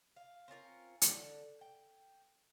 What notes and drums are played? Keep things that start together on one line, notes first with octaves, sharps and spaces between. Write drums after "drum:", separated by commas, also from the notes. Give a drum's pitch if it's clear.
F5
C4 C#4 F4 A#4
D3, drum: hi-hat
G5